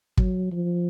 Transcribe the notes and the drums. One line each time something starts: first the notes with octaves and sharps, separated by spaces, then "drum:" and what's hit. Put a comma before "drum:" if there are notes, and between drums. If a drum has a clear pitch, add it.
F#3, drum: kick
F3